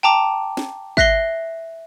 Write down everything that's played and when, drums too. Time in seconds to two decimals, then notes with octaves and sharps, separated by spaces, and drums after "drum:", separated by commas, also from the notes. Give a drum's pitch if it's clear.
0.03 G5 A5 A#5 D6
0.57 drum: snare
0.97 E5 F#6 A#6 C7 G7, drum: kick